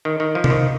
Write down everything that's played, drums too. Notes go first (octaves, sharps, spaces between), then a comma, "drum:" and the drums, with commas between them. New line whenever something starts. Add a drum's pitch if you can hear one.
D#3
D#3
F3
D3, drum: tom C3
D#3